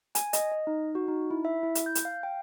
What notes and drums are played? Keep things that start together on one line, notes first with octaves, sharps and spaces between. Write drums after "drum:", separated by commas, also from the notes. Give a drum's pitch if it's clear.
G#5, drum: hi-hat
D#5, drum: hi-hat
D#5
D#4
F#4
D#4
E4
E5
E4
drum: hi-hat
G6
drum: hi-hat
F5
G5